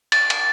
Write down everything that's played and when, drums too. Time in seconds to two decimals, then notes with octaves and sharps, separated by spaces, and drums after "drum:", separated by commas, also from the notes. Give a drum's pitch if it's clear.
0.12 A6, drum: cymbal
0.30 drum: cymbal